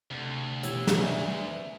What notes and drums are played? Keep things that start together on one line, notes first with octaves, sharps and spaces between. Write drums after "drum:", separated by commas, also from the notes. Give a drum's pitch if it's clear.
D2 C3
B2 E3 G4 C#5 E6 G#6, drum: hi-hat
drum: snare
B4 D5 E5 G#5